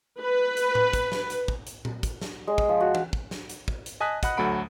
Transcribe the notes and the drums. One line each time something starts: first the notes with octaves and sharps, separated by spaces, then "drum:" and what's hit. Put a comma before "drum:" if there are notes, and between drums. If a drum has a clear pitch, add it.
B4
drum: hi-hat
drum: tom A2
drum: kick, hi-hat
drum: snare
drum: hi-hat
drum: kick
drum: hi-hat
drum: tom A#2
drum: kick, hi-hat
drum: snare
G#3
drum: kick
F3
F#4
drum: tom
drum: kick
drum: snare
drum: hi-hat
drum: kick
drum: hi-hat
D#5 G#5 A5 D#6 F#6 B6
D#5 F#5 B5 F#6, drum: kick, hi-hat
D2 F#3 A3 F#5 B5 D7